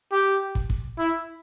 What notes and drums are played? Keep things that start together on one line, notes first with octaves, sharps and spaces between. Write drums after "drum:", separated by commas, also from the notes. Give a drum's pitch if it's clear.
G4
drum: kick
drum: kick
E4